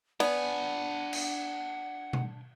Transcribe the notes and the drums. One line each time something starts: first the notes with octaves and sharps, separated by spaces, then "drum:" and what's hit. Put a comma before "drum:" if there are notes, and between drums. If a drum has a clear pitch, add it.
B3 D4 D5 F#5 G#5, drum: cymbal
drum: cymbal
drum: tom B2